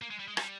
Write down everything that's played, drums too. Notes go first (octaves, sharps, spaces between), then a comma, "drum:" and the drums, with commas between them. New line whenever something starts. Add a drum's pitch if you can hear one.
A#3
G#3
G3
G#3
G3, drum: rim click